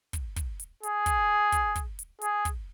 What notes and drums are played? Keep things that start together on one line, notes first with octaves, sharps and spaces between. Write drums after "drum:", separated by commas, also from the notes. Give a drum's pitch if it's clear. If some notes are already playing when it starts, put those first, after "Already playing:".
drum: kick, hi-hat
drum: kick, hi-hat
drum: hi-hat
G#4, drum: hi-hat
drum: kick, hi-hat
drum: kick, hi-hat
drum: kick, hi-hat
drum: hi-hat
G#4, drum: hi-hat
drum: kick, hi-hat